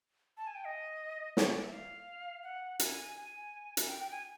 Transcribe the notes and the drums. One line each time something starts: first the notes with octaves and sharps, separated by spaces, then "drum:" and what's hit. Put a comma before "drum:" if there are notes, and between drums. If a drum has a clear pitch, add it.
A5
G#5
G5
D#5
C#5, drum: snare
D5
E5
F5
F#5
G#5, drum: hi-hat
G#5
drum: hi-hat
G5
G5
G#5